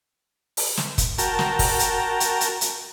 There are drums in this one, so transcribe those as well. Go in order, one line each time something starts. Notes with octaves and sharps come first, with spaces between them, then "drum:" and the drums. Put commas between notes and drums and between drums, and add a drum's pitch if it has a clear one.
drum: open hi-hat
drum: snare
drum: kick, hi-hat
F#4 A#4 G5 A5 A#5, drum: hi-hat
drum: snare
drum: kick, open hi-hat
drum: hi-hat
drum: hi-hat
drum: hi-hat
drum: hi-hat